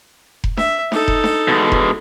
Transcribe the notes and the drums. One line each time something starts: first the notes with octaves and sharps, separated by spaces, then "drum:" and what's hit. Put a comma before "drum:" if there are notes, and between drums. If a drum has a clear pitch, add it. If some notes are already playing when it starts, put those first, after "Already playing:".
drum: kick F1
E5, drum: snare D4
D#4 A4, drum: snare D4
drum: kick F1
drum: snare D4
B2 G#3
drum: kick F1